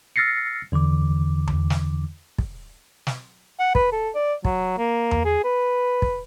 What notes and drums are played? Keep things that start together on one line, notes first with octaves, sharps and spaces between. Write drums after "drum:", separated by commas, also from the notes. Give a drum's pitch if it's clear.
E6 F6 A6 A#6 C7 C#7
E2 D3 E3 D6
drum: tom E2
drum: snare
drum: kick
drum: snare
F#5
B4, drum: kick
A4
D5
F#3, drum: kick
A#3
drum: tom E2
G#4
B4
drum: kick